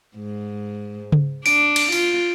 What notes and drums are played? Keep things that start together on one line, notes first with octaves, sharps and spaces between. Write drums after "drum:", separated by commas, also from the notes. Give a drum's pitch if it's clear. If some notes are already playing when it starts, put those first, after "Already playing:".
G#2
drum: tom C#3
D4 D7, drum: open hi-hat
drum: cymbal
F4, drum: open hi-hat